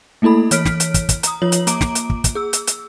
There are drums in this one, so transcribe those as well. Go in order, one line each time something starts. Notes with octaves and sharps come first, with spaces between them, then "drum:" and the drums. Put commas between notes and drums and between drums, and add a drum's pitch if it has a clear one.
A3 A#3 E4 A4 B5
E3 C#5 F6 B6 D7, drum: hi-hat
drum: snare
drum: hi-hat
drum: kick, hi-hat
drum: kick, hi-hat
A#5 D#6, drum: hi-hat
F3 F4 C#5 F#7
drum: hi-hat
A#3 A#5 D6 D7, drum: hi-hat
drum: snare
drum: hi-hat
drum: kick
drum: kick, hi-hat
G#4 E6
drum: hi-hat
drum: hi-hat